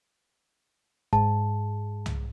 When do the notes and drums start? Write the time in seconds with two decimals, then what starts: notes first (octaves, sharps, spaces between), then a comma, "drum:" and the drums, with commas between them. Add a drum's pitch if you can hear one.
1.13 G#2 A5, drum: kick
2.06 drum: tom C2